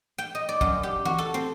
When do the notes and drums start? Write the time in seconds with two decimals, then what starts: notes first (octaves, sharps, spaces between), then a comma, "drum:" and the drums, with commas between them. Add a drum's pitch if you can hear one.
0.18 G5
0.35 D#5
0.49 D5
0.61 F#2, drum: kick
0.83 G4
1.05 F#4, drum: tom E3
1.18 A4
1.34 C4